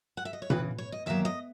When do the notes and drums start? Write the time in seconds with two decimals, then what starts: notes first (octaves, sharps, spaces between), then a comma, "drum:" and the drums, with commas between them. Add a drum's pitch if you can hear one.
0.17 F#5
0.25 E5
0.33 D#5
0.42 C#5
0.50 E2 C#3 E3 B4, drum: tom A#2
0.78 C#5
0.92 D#5
1.06 E2 D#3 F#3 A#3 E5
1.25 D#5